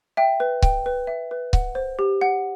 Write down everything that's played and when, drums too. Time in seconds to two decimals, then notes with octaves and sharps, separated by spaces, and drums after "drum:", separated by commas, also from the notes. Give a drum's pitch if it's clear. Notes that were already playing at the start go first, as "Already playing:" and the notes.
0.17 E5 G5
0.40 B4
0.62 G5, drum: kick C#1
0.86 B4
1.07 E5
1.31 B4
1.53 F#5, drum: kick C#1
1.75 C5
1.99 G4
2.21 F#5